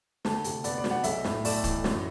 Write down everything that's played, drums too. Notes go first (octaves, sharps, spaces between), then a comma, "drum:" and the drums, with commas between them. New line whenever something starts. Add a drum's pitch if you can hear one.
D2 A5, drum: snare
C3, drum: hi-hat
B3 D5, drum: hi-hat
D5
F#3, drum: snare
F#5
B1 E5, drum: hi-hat
A2, drum: snare
A3 D5, drum: open hi-hat
E3, drum: kick C#1, hi-hat
F#2, drum: snare